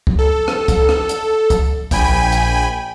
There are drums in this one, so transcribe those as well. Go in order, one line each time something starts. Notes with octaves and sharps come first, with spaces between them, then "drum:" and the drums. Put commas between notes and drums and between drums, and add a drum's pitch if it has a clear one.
drum: kick C#2
A4
drum: rim click
drum: kick C#2, hi-hat
drum: rim click
drum: hi-hat
drum: kick C#2, hi-hat
A#1 G5 G#5 B5 D#7, drum: kick C#2, hi-hat
drum: hi-hat